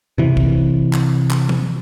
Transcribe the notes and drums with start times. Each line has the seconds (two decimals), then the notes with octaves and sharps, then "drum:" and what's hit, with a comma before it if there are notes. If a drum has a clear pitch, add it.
0.18 C3 E3
0.37 drum: kick
0.93 drum: clap
1.31 drum: clap
1.49 drum: tom E3